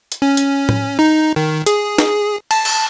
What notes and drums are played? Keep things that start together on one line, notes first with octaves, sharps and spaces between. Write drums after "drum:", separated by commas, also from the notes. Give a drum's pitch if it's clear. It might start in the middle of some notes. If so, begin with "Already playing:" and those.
drum: hi-hat
C#4
drum: hi-hat
drum: tom A2
D#4
D#3
G#4, drum: hi-hat
drum: snare
A5, drum: cymbal
drum: cymbal